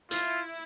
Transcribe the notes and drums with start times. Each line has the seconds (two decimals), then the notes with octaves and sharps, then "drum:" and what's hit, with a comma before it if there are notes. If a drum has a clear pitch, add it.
0.11 E4 F4, drum: hi-hat